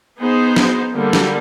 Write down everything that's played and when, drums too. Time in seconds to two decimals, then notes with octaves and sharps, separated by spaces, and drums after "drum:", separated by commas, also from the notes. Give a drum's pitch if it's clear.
0.19 B3 D#4 G#4 C5
0.56 drum: snare
0.94 D3 G3 A#3
1.13 drum: snare